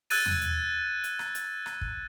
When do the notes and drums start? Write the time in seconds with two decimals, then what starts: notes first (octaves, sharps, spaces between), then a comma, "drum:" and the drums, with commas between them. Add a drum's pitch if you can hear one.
0.10 E6 F#6 G#6 A6 D#7, drum: open hi-hat
0.26 drum: tom E2
0.41 drum: hi-hat
1.04 drum: hi-hat
1.19 drum: rim click
1.35 drum: hi-hat
1.66 drum: rim click
1.81 drum: kick